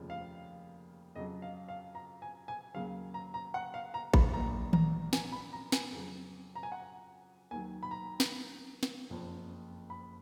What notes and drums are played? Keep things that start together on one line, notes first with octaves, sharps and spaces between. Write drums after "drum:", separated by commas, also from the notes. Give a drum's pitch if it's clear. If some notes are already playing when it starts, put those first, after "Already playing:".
Already playing: F1 D#2 C#3 F3
F5
F2 C#3 F#3 D#5
F5
F5
A#5
G#5
G#5
D#2 C#3 F#3 F5
A#5
A#5
F#5
F5
A#5
B5, drum: kick A1
A#1 A#2 F#3 A#5
A#5, drum: tom D#3
G#5, drum: snare
B5
A#5
G#5, drum: snare
F2 C#3 F#3
A#5
G#5
F#5
D#2 D#3 F#3 G#5
B5
A#5
drum: snare
drum: snare
F#1 F2 F3
B5